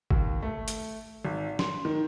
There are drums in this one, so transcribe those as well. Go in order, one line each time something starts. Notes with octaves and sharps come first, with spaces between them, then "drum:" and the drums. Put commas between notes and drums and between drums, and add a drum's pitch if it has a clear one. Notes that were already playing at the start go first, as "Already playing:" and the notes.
D#2, drum: kick
A3
drum: hi-hat
G#1
C6, drum: snare
D#3